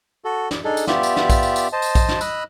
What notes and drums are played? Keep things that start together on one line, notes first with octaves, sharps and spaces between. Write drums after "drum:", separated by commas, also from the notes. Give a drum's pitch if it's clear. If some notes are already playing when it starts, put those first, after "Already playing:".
F#4 A4
D5, drum: snare
D4 D#4 G#4 A4
drum: tambourine
B3 F4 G4 D5 E5, drum: snare
drum: tambourine
drum: snare
drum: kick A#1, tambourine
drum: tambourine
drum: tambourine
C5 D#5 A5
drum: tambourine
drum: kick A#1, tambourine
drum: snare
D#5 B5 E6 F#6, drum: tambourine